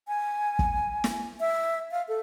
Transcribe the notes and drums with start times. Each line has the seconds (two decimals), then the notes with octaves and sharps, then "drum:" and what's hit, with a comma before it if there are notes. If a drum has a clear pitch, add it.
0.08 G#5
0.59 drum: kick
1.04 drum: snare
1.40 E5
1.92 F5
2.08 A4